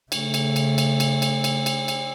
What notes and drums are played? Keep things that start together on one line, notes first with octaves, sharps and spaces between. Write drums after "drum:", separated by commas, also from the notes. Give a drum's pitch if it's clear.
C#3 A3, drum: cymbal
drum: cymbal
drum: cymbal
drum: cymbal
drum: cymbal
drum: cymbal
drum: cymbal
drum: cymbal
drum: cymbal